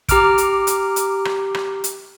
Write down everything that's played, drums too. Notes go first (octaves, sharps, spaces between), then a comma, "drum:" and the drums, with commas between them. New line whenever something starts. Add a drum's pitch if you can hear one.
G4 A#5 D6 F6 D7, drum: kick, hi-hat
drum: hi-hat
drum: hi-hat
drum: hi-hat
drum: rim click
drum: rim click
drum: hi-hat